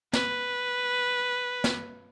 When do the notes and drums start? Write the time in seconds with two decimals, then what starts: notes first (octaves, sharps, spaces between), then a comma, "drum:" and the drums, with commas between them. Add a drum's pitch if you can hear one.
0.13 B4, drum: snare
1.64 drum: snare